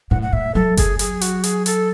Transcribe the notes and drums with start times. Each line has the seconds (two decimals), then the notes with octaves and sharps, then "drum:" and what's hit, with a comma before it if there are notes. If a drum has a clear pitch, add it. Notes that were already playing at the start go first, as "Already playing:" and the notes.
0.11 A2 F#5
0.22 F#5
0.33 A2 E5
0.55 F#3 A4
0.77 F#3 G#4, drum: kick F#1, hi-hat
0.99 G#4, drum: hi-hat
1.21 F#4, drum: hi-hat
1.44 G#4, drum: hi-hat
1.66 A4, drum: hi-hat